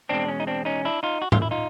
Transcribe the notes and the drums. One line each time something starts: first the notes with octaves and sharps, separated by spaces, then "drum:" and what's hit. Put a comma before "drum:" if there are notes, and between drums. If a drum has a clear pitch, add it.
E2 B2 G#3 C4 D4
C#4
D#4
C4 D4
C#4 D#4
D4 E4
D#4 F4
F#4
F4, drum: tom G#2
E4
D#4 F4